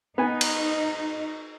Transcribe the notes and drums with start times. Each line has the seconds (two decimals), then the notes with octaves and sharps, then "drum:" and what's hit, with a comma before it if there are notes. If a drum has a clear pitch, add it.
0.18 B3 D#4 G#5
0.41 drum: cymbal